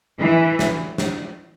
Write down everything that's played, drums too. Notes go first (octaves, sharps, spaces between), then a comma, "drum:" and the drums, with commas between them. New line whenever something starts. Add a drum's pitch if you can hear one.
E3
drum: snare
drum: snare